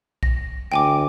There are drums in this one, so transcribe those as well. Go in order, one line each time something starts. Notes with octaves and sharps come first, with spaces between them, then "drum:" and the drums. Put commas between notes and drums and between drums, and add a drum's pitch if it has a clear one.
A#6, drum: kick B1
D2 G5 G#5 D6